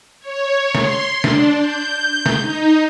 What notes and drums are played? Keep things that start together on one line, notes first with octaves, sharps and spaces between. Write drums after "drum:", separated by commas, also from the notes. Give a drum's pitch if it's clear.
C#5
C6, drum: snare
D4, drum: snare
G6
G6
drum: snare
D#4